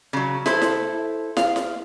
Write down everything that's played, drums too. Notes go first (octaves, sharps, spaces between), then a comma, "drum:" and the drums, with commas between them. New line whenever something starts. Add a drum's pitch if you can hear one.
C#3 F#3
E4 A4 C5, drum: snare
drum: snare
F5, drum: snare
drum: snare